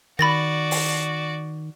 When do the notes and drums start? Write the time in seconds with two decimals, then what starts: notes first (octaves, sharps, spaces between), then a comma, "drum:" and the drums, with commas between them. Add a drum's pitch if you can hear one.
0.19 D#3 F#4 D5 B5 A6 A#6
0.71 drum: open hi-hat